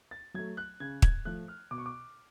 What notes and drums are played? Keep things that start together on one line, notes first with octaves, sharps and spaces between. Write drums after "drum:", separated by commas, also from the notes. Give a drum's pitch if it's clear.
A6
F#3 A3 G#6
F#6
C#3 G#6
G#6, drum: kick
F3 A3 F#6
F6
B2 D6
C#6
D6